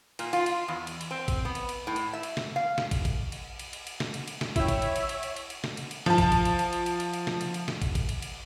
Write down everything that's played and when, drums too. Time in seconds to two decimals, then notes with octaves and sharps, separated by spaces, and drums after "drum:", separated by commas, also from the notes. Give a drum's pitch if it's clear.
0.19 A#2, drum: cymbal
0.33 F4, drum: cymbal
0.46 drum: cymbal
0.68 E2
0.87 drum: cymbal
1.01 drum: cymbal
1.11 C4
1.28 drum: kick, cymbal
1.45 B3
1.55 drum: cymbal
1.69 drum: cymbal
1.87 A2
1.96 drum: cymbal
2.13 E5
2.23 drum: cymbal
2.37 drum: snare
2.56 F5
2.78 drum: snare
2.91 drum: kick, cymbal
3.05 drum: kick, cymbal
3.32 drum: cymbal
3.59 drum: cymbal
3.73 drum: cymbal
3.87 drum: cymbal
4.00 drum: snare
4.14 drum: cymbal
4.28 drum: cymbal
4.41 drum: snare
4.56 E4 C#5 E5 G5, drum: kick, cymbal
4.68 drum: kick, cymbal
4.82 drum: cymbal
4.96 drum: cymbal
5.09 drum: cymbal
5.23 drum: cymbal
5.36 drum: cymbal
5.50 drum: cymbal
5.64 drum: snare
5.77 drum: cymbal
5.91 drum: cymbal
6.06 F3 A5, drum: snare
6.18 drum: kick, cymbal
6.32 drum: kick, cymbal
6.45 drum: cymbal
6.59 drum: cymbal
6.73 drum: cymbal
6.86 drum: cymbal
7.00 drum: cymbal
7.13 drum: cymbal
7.27 drum: snare
7.41 drum: cymbal
7.54 drum: cymbal
7.68 drum: snare
7.82 drum: kick, cymbal
7.95 drum: kick, cymbal
8.09 drum: cymbal
8.22 drum: cymbal